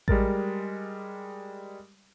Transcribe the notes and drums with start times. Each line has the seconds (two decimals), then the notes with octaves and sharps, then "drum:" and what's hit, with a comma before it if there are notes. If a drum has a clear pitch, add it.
0.08 G3 G#3 A#4 A6, drum: kick A1